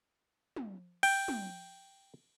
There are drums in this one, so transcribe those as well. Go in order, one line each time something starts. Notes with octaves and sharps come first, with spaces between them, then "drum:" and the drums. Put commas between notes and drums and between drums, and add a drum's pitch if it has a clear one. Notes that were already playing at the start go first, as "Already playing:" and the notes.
drum: tom
G5, drum: cymbal
drum: tom